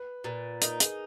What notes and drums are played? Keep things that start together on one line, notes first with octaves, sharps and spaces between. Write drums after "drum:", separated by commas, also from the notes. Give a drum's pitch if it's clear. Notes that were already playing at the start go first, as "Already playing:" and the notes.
Already playing: B4
A#2 B4
D#4 A#4, drum: hi-hat
G#4, drum: hi-hat